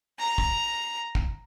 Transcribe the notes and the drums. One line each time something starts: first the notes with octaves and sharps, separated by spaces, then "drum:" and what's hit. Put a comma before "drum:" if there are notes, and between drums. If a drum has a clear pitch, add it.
A#5
drum: kick
drum: kick